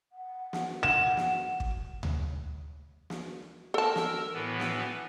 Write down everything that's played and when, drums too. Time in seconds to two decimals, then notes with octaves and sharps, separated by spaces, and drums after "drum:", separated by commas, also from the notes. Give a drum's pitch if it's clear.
0.12 F#5
0.53 drum: snare
0.83 E7
1.17 drum: snare
1.60 drum: kick
2.03 drum: tom D2
3.10 drum: snare
3.74 A4 A#4 A5 E6
3.96 drum: snare
4.34 A2 E3 B3
4.60 drum: snare